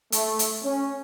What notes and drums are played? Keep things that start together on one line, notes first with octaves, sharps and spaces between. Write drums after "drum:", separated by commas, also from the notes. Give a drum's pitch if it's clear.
A3, drum: hi-hat
drum: hi-hat
C#4